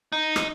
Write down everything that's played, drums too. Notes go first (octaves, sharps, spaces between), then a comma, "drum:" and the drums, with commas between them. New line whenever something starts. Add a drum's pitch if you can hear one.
D#4
drum: rim click